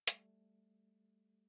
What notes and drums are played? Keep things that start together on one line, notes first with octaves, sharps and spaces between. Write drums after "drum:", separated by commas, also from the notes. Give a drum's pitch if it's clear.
G3 A3, drum: hi-hat